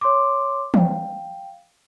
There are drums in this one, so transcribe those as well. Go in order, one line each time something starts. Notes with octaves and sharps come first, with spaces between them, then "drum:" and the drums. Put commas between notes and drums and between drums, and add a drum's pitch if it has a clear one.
C#5 C6 D6
F5 G5, drum: tom E3